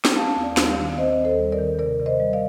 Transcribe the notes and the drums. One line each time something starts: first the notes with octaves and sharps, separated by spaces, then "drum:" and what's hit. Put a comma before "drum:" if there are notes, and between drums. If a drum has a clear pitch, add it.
drum: snare
C4 F5 A5
D#2
D5 F5
G3, drum: snare
D5 F5
D#3
C4 C5 D#5
D#2
A4 C5
G3
A#4 D5
D#3
C3 A#4 D5
C3
C5 D#5
G3
D5 F5